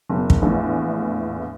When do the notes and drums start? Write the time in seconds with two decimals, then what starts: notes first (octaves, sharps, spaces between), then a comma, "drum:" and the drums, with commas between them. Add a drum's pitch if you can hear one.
0.09 F#1 B2
0.30 drum: kick
0.42 A#1 E2 A2